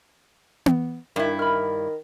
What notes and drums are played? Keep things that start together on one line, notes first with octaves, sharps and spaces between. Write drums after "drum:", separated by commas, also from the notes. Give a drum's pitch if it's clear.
drum: tom B3
G2 D#3 E4
D#3 B5 F6